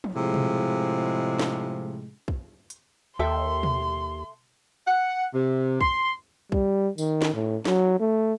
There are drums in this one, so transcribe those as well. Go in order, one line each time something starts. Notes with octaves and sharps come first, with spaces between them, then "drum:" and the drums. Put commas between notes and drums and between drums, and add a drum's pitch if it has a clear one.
drum: tom F3
A2 C3 F3 G#3
drum: tom B2
drum: snare
drum: kick
drum: hi-hat
D#2 A4 E5 G5 C6
drum: tom B2
F#5
C3
C6, drum: kick
G3, drum: kick
D#3, drum: tambourine
drum: snare
A2
F#3, drum: snare
A3